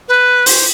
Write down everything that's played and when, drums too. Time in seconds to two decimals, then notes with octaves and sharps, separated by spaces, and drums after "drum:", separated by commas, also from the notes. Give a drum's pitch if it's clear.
0.08 B4
0.46 C5, drum: open hi-hat